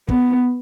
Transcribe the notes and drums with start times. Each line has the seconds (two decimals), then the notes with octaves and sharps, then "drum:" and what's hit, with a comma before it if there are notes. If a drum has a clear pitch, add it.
0.09 B3, drum: kick